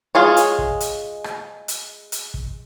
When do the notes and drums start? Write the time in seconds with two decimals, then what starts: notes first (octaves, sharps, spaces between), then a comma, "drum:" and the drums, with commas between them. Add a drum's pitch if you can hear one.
0.15 G#3 F4 G#4 C#5
0.37 drum: hi-hat
0.59 drum: kick
0.80 drum: hi-hat
1.24 drum: rim click
1.68 drum: hi-hat
2.12 drum: hi-hat
2.34 drum: kick